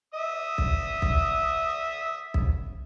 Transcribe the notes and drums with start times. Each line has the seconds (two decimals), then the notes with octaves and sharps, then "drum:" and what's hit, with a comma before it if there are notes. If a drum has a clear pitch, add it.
0.14 E5 D#6
0.58 drum: kick
1.02 drum: kick
2.34 drum: kick